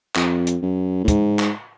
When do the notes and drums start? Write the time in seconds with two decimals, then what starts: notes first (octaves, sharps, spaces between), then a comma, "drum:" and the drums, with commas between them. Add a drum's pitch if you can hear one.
0.16 F2, drum: clap
0.47 drum: hi-hat
0.62 F#2
1.04 A2
1.08 G#2, drum: kick, hi-hat
1.39 drum: clap